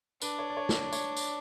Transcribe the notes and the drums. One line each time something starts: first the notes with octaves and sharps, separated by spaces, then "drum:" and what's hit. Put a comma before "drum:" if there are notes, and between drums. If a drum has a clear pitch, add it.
D4 B4, drum: tambourine
C#5
D5
C#5
drum: snare
C#5, drum: tambourine
drum: tambourine